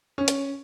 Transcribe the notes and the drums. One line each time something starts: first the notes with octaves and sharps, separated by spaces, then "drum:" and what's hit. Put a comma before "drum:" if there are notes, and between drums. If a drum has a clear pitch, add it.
C#4
drum: hi-hat